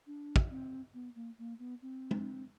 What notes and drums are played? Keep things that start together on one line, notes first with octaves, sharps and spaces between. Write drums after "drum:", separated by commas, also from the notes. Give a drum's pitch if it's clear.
D4
drum: kick
C4
B3
A#3
A#3
B3
C4
drum: tom